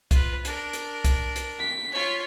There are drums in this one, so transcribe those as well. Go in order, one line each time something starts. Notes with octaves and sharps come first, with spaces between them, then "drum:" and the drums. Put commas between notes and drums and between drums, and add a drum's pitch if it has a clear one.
F4 B4, drum: kick, hi-hat
D4 A#4, drum: hi-hat
drum: hi-hat
drum: kick, hi-hat
drum: hi-hat
B6
F4 C#5